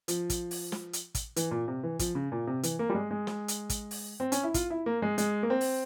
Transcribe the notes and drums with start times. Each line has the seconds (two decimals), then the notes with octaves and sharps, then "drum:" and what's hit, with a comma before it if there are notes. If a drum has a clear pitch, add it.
0.08 F3, drum: hi-hat
0.30 drum: kick, hi-hat
0.51 drum: open hi-hat
0.72 drum: snare
0.93 drum: hi-hat
1.15 drum: kick, hi-hat
1.36 E3, drum: hi-hat
1.51 A#2
1.68 C3
1.83 E3
1.99 F3, drum: kick, hi-hat
2.15 C#3
2.32 A#2
2.47 C3
2.63 E3, drum: hi-hat
2.79 A#3
2.90 G3
2.95 G#3
3.11 G#3
3.27 drum: snare
3.48 drum: hi-hat
3.70 drum: kick, hi-hat
3.91 drum: open hi-hat
4.20 C4
4.32 C#4, drum: hi-hat
4.43 E4
4.54 F4, drum: kick, hi-hat
4.70 E4
4.86 A#3
5.02 G#3
5.18 G#3, drum: hi-hat
5.43 A#3
5.50 C4
5.61 drum: open hi-hat